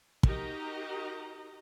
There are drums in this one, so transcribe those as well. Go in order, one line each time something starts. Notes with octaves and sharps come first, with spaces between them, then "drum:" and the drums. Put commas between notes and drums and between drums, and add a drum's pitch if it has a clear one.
D#4 F#4 G4 A#4 D#5 A#5, drum: kick